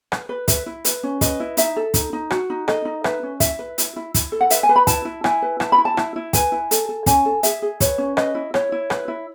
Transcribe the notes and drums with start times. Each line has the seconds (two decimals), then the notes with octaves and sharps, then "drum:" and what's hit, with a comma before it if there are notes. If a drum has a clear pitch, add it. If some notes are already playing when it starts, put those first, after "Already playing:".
0.12 B4, drum: rim click
0.29 B4
0.48 B4 E5, drum: kick, hi-hat
0.66 E4
0.85 B4, drum: hi-hat
1.03 C#4
1.21 B4 D#5, drum: kick, hi-hat
1.40 E4
1.57 D#4 E5, drum: hi-hat
1.76 A4
1.94 D#4, drum: kick, hi-hat
2.13 D#4
2.30 F#4, drum: rim click
2.50 D#4
2.68 A4 D#5, drum: rim click
2.85 D#4
3.04 B4 E5, drum: rim click
3.23 C#4
3.40 E4 E5, drum: kick, hi-hat
3.59 B4
3.78 E4, drum: hi-hat
3.96 E4
4.14 E4, drum: kick, hi-hat
4.32 A4
4.41 F#5
4.50 B4 E5, drum: hi-hat
4.63 G#5
4.69 B4
4.76 B5
4.87 E4 A5, drum: kick, hi-hat
5.05 E4
5.24 E4 G#5, drum: rim click
5.42 B4
5.60 E4 A5, drum: rim click
5.72 B5
5.78 E4
5.85 A5
5.97 E4, drum: rim click
6.16 E4
6.33 B4 G#5, drum: kick, hi-hat
6.52 E4
6.71 A4, drum: hi-hat
6.89 A4
7.06 C#4 G#5, drum: kick, hi-hat
7.25 A4
7.43 G#4 E5, drum: hi-hat
7.62 G#4
7.80 B4 C#5, drum: kick, hi-hat
7.98 C#4
8.17 B4 D#5, drum: rim click
8.35 E4
8.54 E4 C#5, drum: rim click
8.72 E4
8.90 B4, drum: rim click
9.08 E4